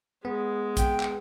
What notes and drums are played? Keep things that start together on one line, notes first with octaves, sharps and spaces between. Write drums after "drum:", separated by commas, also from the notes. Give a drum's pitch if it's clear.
G#3 B3
G5, drum: kick A#1, hi-hat
drum: clap